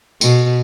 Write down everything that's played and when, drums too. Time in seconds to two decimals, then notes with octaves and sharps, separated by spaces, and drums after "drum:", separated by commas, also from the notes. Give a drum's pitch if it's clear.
0.21 B2, drum: tambourine